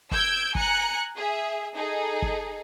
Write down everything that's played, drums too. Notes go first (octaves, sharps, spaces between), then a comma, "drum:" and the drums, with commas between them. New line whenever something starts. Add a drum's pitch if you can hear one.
E6 G6 G#6 D7, drum: kick
G#5 A#5 F#6 C#7, drum: kick
G#4 E5
D#4 G#4 A4
drum: kick